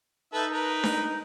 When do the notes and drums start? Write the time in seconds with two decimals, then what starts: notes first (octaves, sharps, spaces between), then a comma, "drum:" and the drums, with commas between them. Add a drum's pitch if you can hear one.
0.33 D#4 A4 B4 E5
0.51 A#4 B4
0.84 drum: snare D4